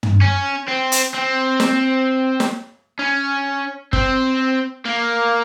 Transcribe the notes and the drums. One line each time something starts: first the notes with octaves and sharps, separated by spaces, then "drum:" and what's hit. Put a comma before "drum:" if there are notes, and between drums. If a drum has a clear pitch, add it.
drum: tom
C#4
C4
drum: hi-hat
C4
drum: snare
drum: snare
C#4
C4, drum: kick G1
A#3